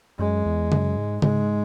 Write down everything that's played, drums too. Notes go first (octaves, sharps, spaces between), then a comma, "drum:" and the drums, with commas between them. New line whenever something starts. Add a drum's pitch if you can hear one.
F#2 G#3
E2
F#2, drum: tom C#3
G#2
G#2 G#3, drum: tom C#3